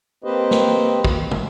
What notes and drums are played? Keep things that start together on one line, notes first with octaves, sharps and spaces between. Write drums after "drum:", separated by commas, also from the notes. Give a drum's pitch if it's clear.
A#3 C4 G4 B4 C5 D#5
drum: snare
drum: kick
drum: tom